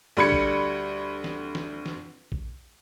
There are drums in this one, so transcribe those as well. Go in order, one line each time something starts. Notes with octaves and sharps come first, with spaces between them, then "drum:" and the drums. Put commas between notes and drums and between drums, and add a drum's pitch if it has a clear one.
D2 G3 B5 G#6 C#7
drum: kick
drum: snare
drum: snare
drum: snare
drum: kick